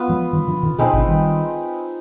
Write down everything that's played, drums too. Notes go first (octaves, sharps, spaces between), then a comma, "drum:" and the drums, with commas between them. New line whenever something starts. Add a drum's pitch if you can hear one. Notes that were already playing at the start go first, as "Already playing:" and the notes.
Already playing: B3 F4 B4
F3 G#3
D#3 G3
D3 F3
C3 D#3
B2 D3 G#3 C4 D#4 B4
B2 D3, drum: kick G#1
D#3 G3